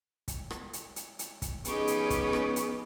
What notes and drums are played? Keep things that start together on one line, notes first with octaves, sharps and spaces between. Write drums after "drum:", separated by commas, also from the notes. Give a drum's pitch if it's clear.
drum: kick, hi-hat
drum: rim click
drum: hi-hat
drum: hi-hat
drum: hi-hat
drum: kick, hi-hat
F3 B3 C#4 D#4 G4 G#4 C#6, drum: hi-hat
drum: hi-hat
drum: kick, hi-hat
drum: rim click
drum: hi-hat